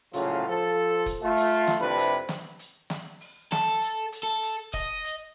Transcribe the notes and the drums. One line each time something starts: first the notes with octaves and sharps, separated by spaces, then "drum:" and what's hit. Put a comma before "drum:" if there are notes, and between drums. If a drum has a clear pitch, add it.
A#1 A2 C#3 F#3 F4, drum: hi-hat
F3 A4
drum: kick, hi-hat
A3 F4
drum: hi-hat
drum: snare
C2 F2 C3 D4 E4 B4
drum: hi-hat
drum: snare
drum: hi-hat
drum: snare
drum: open hi-hat
A4, drum: snare
drum: hi-hat
drum: hi-hat
A4
drum: hi-hat
D#5, drum: kick, hi-hat
drum: hi-hat